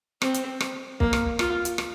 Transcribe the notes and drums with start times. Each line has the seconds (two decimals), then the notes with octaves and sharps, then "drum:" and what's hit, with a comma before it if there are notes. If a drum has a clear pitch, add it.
0.22 C4, drum: rim click
0.34 drum: hi-hat
0.60 drum: rim click
1.00 A#3, drum: kick
1.13 drum: rim click
1.39 F4, drum: rim click
1.65 drum: hi-hat
1.78 drum: rim click